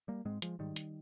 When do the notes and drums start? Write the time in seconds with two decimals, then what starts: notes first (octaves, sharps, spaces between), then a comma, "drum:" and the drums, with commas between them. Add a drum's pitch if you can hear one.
0.08 G3 A#3
0.25 G#2 G#3 C4
0.42 F3 G#3, drum: hi-hat
0.59 G#2 D#3 G3
0.76 drum: hi-hat